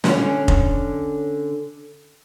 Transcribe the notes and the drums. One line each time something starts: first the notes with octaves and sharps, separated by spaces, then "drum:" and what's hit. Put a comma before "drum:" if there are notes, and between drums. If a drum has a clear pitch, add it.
D3 C#4, drum: snare
drum: kick F1